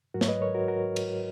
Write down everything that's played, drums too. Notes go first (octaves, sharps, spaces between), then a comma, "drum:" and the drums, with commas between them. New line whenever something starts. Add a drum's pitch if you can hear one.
G#2 F#3 F#4 A#4
C#5, drum: snare
B4 D#5
A#4 C#5
F#4 A#4
F#4 A#4
drum: cymbal